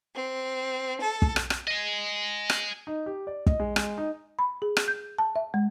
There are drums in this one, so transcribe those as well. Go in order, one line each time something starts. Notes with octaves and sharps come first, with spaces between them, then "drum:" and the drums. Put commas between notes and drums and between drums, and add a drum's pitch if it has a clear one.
C4
A4
drum: kick
drum: rim click
drum: rim click
D#5 G#5
drum: rim click
D#4
G4
D5
D#5, drum: kick
G#3
G#3, drum: rim click
D#4
B5
G#4
drum: rim click
G6
A5
E5
G#3